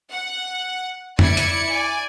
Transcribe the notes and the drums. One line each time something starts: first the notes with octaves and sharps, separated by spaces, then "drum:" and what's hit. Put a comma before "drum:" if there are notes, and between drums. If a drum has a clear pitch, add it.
F#5
E4 D5 G#6 C#7, drum: tom F2
drum: hi-hat
D5 G#5